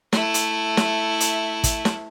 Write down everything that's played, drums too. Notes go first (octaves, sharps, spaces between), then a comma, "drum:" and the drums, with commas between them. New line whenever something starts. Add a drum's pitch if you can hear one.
A3 E4, drum: snare
drum: hi-hat
drum: snare
drum: hi-hat
drum: kick, hi-hat
drum: snare